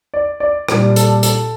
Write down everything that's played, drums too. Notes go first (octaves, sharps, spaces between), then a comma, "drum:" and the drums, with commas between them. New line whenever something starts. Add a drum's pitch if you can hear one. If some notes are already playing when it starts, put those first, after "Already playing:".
D5
D5
A#2 G3 D4, drum: rim click
A4, drum: hi-hat
A4, drum: hi-hat